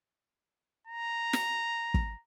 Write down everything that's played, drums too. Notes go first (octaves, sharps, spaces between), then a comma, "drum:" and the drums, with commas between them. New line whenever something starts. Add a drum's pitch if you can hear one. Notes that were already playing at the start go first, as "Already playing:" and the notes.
A#5
drum: snare
drum: kick